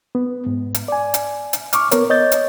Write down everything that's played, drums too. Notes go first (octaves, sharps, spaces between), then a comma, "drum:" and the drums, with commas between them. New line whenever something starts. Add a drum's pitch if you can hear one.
B3
G#2
drum: hi-hat
D5 G#5
drum: hi-hat
drum: hi-hat
C#6 D6 F6, drum: hi-hat
B3 A#4 C#5, drum: hi-hat
C#5 D#5 G6 A6
drum: hi-hat